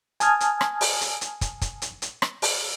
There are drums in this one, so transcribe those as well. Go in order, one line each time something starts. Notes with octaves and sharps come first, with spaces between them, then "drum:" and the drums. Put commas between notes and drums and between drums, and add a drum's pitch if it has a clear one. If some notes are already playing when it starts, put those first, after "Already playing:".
G#5 A5 D#6 F6 G#6, drum: hi-hat
drum: hi-hat
drum: rim click
drum: open hi-hat
drum: hi-hat
drum: hi-hat
drum: kick, hi-hat
drum: kick, hi-hat
drum: hi-hat
drum: hi-hat
drum: rim click
drum: open hi-hat